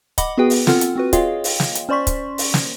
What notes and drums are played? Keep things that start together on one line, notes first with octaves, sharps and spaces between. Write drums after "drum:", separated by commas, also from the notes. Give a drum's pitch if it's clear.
D#5 F#5 B5 D6, drum: kick, hi-hat
B3 F#4 G#4 B4 G5
drum: open hi-hat
C4 F4 A4 F#5 F6, drum: snare
drum: hi-hat
C4 F#4 B4
F4 G#4 C#5 D#5 F5 G5, drum: kick, hi-hat
drum: open hi-hat
drum: snare
drum: hi-hat
C#4 C5 D5 C6 C#6 B6
drum: kick, hi-hat
drum: open hi-hat
drum: snare